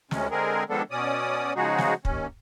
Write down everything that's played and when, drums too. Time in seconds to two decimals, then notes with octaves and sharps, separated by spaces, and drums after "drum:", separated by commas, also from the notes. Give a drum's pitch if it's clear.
0.11 D2 C3 G#3 C#4, drum: snare
0.31 D3 G#3 C4 G#4 A#4
0.69 D#3 F3 G#3 B3 D4 A4
0.91 B2 C#4 D5 D#6
1.56 C#3 F3 G#3 D#4 F#4 G#4
1.78 drum: snare
2.05 D#2 C#4, drum: kick